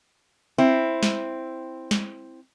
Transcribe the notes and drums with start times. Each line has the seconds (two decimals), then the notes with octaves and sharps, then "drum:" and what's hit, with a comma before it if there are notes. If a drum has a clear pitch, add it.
0.58 C4 E4
1.03 drum: snare
1.91 drum: snare